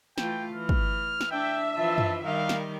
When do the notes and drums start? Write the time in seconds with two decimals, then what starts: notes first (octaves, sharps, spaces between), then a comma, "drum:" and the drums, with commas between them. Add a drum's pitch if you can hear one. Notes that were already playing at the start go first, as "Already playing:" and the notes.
0.18 E3 A3 F4 G5, drum: snare
0.54 E3 F6
0.69 drum: kick
1.21 drum: snare
1.31 D4 E5 G5
1.77 E3 F3 F4 A5
1.98 drum: tom F#2
2.25 D#3 G3 A#4 F5
2.49 drum: snare